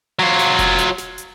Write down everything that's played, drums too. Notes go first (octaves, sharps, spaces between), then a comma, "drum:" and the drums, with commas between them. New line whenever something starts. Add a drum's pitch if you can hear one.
F#3 F4
drum: snare
drum: kick F1, hi-hat
drum: hi-hat
drum: snare
drum: hi-hat